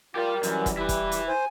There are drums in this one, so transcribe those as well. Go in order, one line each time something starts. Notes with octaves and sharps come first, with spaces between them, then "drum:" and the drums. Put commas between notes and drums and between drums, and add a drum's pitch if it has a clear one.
F4 G4 A#4 D5
F#2 E3 G3, drum: hi-hat
drum: kick, hi-hat
E4 G4 B4
drum: kick, hi-hat
drum: hi-hat
C5 G#5